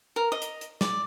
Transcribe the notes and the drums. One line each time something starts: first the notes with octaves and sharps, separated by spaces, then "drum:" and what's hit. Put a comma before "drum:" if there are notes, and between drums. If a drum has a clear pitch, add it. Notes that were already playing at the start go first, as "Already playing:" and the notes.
A#4
D#5
drum: hi-hat
drum: hi-hat
D5, drum: snare